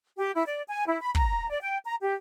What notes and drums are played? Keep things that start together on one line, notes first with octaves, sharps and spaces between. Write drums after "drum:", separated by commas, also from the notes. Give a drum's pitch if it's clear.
G4
E4
D5
G#5
E4
B5
A#5, drum: kick
D5
G5
A#5
G4